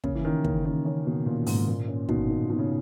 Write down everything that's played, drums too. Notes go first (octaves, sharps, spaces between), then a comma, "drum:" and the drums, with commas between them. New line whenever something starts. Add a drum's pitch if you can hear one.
C#3 A#3, drum: kick
E3
D#3 C#4
C#3 A#3, drum: kick
D#3 C#4
C#3 C#4
B2 A#3
A#2 A#3
G#2 A#3, drum: open hi-hat
A#2 A#3
C#4
B2 D#3, drum: kick
D#3
B2 D#3
C#3